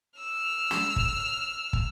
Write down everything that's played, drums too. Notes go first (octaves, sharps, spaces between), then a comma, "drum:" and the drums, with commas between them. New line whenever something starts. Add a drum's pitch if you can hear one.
E6 F6
drum: snare
drum: kick
drum: kick